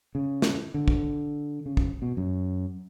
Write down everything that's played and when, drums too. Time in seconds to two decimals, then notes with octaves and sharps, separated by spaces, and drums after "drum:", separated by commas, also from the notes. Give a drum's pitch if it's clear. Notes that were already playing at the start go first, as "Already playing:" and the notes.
0.15 C#3
0.42 drum: snare
0.74 D3
0.88 drum: kick
1.66 C#3
1.77 drum: kick
2.02 B2
2.17 F#2